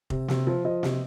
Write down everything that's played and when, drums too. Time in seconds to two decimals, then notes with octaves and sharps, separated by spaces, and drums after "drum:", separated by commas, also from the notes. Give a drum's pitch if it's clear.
0.10 C3, drum: kick F1
0.28 C3, drum: snare
0.47 F3
0.65 F3 D#5
0.83 C3, drum: snare